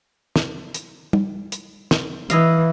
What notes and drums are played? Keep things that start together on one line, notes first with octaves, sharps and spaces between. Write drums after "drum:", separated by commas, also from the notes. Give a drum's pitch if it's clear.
drum: snare
drum: hi-hat
drum: tom
drum: hi-hat
drum: snare
E3 E4 D#5 F5, drum: hi-hat